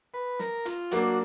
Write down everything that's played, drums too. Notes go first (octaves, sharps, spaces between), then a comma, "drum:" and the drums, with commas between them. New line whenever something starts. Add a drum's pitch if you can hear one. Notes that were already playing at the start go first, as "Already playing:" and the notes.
B4
A#4, drum: snare
F4, drum: hi-hat
F#3 A#3 D4 F#4, drum: hi-hat